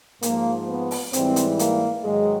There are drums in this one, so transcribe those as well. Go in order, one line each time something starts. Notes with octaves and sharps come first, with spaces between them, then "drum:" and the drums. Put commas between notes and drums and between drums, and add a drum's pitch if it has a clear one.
G#2 F3 A#3, drum: hi-hat
B3
drum: open hi-hat
G#2 E3 G3 C4, drum: hi-hat
drum: hi-hat
A#3, drum: hi-hat
G#2 D#3 F#3 G#3